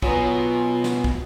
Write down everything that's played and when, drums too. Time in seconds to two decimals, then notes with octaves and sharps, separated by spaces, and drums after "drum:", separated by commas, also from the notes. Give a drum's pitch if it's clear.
0.02 B2 F#3 F4 B4 D#5 G#5, drum: kick
0.84 drum: snare
1.04 drum: kick